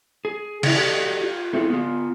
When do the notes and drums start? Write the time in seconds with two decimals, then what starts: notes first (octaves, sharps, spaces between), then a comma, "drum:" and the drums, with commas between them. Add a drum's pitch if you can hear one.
0.25 G#4
0.63 C#3 E4, drum: cymbal
0.75 F#4 G4 A4 D5 D#5 F5
1.24 F4
1.53 A3 C4 E4 F4 G#4
1.70 B3 F4